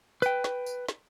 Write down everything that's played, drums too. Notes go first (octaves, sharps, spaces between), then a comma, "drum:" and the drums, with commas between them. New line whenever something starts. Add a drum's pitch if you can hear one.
B4 G5, drum: tambourine
drum: snare
drum: tambourine
drum: snare